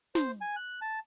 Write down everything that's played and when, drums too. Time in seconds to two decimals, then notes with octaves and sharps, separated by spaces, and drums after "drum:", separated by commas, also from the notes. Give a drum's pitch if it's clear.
0.15 C5, drum: snare
0.41 G#5
0.56 F#6
0.82 A5